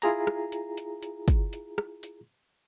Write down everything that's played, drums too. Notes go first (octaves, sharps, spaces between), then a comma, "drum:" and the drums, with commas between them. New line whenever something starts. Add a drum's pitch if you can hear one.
E4 F4 G#4 A#5, drum: hi-hat
drum: rim click
drum: hi-hat
drum: hi-hat
drum: hi-hat
drum: kick, hi-hat
drum: hi-hat
drum: rim click
drum: hi-hat